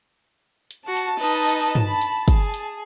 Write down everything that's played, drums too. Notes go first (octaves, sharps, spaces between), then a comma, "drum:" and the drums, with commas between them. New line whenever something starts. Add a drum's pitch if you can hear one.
drum: hi-hat
F#4 A5
drum: hi-hat
D#4 B4 D#5
drum: hi-hat
drum: tom G2
B5
drum: hi-hat
G#4, drum: kick, hi-hat
drum: hi-hat